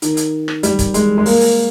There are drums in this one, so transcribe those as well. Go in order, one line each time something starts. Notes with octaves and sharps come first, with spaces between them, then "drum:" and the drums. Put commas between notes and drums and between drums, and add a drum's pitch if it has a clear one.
D#3, drum: hi-hat
drum: hi-hat
drum: rim click
G3, drum: hi-hat
drum: kick, hi-hat
G#3, drum: hi-hat
G#3
A#3, drum: open hi-hat
drum: open hi-hat